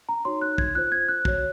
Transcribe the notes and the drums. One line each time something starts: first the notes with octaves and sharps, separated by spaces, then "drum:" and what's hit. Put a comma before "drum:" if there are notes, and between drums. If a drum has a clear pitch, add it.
A#5
D#4 F#4 C#5 C6
F#6
G#6, drum: kick
F4 C5 F#6
G#6
F#6
F#4 C#5, drum: kick